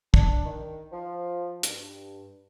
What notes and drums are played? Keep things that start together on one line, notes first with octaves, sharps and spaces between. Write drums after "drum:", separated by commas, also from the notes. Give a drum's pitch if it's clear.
D4, drum: kick
D#3
F3
G2, drum: hi-hat